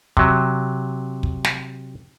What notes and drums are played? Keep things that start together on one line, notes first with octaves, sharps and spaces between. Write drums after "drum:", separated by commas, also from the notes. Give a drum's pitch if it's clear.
C3 F#3, drum: kick
drum: kick
drum: snare